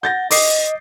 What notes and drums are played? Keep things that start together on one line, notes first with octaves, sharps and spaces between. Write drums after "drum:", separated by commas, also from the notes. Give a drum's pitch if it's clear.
F#5 G6 A6 A#6
D#5 D6 D#6 C7, drum: open hi-hat